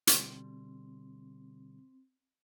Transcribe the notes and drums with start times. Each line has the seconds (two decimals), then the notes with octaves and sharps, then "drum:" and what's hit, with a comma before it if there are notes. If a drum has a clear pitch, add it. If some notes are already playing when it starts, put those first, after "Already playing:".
0.07 B2 D3 G3 C4, drum: hi-hat